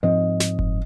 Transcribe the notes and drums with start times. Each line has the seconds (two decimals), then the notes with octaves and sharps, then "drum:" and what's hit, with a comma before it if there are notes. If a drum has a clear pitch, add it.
0.03 G#2 F3 C4 D#5
0.40 drum: snare
0.59 drum: kick F#1